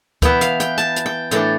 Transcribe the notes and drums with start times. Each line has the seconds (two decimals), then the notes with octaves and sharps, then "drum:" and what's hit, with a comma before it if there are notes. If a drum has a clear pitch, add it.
0.22 E3 B3 E4 G5, drum: kick D2, hi-hat
0.41 F5, drum: hi-hat
0.60 G5, drum: hi-hat
0.78 A5, drum: hi-hat
0.96 drum: hi-hat
1.06 G5
1.31 A2 E3 A3 D4 G5, drum: hi-hat